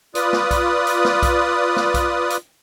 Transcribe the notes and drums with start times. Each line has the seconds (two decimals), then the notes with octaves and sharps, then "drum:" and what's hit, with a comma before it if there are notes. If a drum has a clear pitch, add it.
0.15 F4 B4 D5 D#6, drum: hi-hat
0.33 drum: snare
0.51 drum: kick B1, hi-hat
0.87 drum: hi-hat
1.05 drum: snare
1.23 drum: kick B1, hi-hat
1.76 drum: snare
1.94 drum: kick B1, hi-hat
2.30 drum: hi-hat